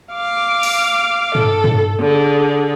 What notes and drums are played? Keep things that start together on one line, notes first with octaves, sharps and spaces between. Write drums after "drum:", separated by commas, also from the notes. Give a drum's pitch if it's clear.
F5 D6
drum: open hi-hat
A4, drum: tom
drum: tom
D3 G#4